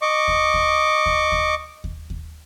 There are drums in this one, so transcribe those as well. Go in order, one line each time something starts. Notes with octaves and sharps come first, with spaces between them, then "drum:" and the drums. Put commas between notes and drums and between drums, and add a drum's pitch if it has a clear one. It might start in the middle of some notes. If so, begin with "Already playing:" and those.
D#5 C#6 D6
drum: kick D#2
drum: kick D#2
drum: kick D#2
drum: kick D#2
drum: kick D#2
drum: kick D#2